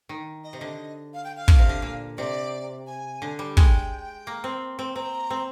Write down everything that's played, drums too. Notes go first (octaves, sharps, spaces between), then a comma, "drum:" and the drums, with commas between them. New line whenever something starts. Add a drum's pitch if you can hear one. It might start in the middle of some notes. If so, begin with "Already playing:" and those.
D#3
D#5
C3
D3
F5
G5
F5
D3, drum: kick
C3
D3
A#2
C3 D5
G#5
D3
G3
G#3 G5, drum: kick
A#3
C4
C4
C4 A#5
C4